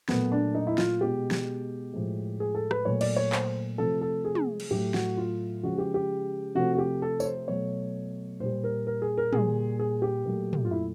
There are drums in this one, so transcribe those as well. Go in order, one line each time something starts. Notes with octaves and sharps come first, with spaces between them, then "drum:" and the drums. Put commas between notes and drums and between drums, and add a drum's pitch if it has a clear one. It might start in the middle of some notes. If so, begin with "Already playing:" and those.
A#2 F#3 A3 B3, drum: snare
D4
D#4
E4
F4, drum: snare
B2 G#3 G4
drum: snare
A2 F3 G#3
G#4
A4
B4, drum: rim click
A#2 F#3 A3 C#5
D5, drum: cymbal
C#5
C5, drum: clap
C3 F3 A3 A4
A4
G#4
drum: tom
drum: cymbal
A2 F#3 A3 G4
F#4, drum: snare
F4
C#3 F3 G#3 F#4
G4
G4
C3 F3 A3 F#4
F#4
G4
A4
C#5, drum: tambourine
C5
B2 F#3 A3 C#5
A#2 G3 C5
A#4
A#4
G#4
A#4
A#2 G3 G#4, drum: tom
G#4
G4
A#2 F#3 A3
drum: tom
F4
E4